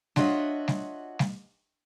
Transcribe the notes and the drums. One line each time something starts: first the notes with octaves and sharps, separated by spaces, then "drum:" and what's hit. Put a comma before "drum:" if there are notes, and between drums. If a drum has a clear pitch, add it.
D4 F4 F#4 C#5 D#5 E5, drum: snare G3
drum: snare G3
drum: snare G3